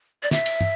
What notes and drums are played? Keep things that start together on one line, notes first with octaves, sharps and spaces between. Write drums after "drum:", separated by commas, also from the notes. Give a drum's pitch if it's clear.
D5
E5, drum: snare
drum: cymbal
drum: tom